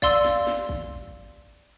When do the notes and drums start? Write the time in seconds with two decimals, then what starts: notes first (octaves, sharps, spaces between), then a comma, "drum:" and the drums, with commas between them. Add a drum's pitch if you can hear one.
0.02 D5 F5 C6 E6, drum: kick
0.24 drum: snare
0.47 drum: snare
0.69 drum: kick